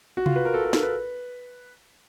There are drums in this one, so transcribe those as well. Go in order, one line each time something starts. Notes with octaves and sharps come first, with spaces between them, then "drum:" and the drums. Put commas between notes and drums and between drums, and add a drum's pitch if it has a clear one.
F#4
F4, drum: tom C3
B4
A#4
A4
A4
A#4, drum: snare
B4